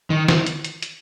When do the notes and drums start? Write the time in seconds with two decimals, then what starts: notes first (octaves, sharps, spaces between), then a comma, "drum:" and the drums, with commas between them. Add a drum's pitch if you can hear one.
0.10 D#3
0.28 drum: snare
0.46 drum: hi-hat
0.64 drum: hi-hat
0.82 drum: hi-hat